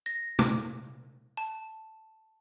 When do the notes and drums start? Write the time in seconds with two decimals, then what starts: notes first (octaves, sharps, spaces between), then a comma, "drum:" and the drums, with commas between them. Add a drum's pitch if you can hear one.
0.06 A#6
0.39 drum: tom
1.37 A5